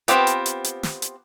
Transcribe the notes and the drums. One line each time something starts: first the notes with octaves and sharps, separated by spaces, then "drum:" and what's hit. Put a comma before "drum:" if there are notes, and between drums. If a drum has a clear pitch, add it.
B3 C4 F4 G4 B4, drum: hi-hat
drum: hi-hat
drum: hi-hat
drum: hi-hat
drum: snare
drum: hi-hat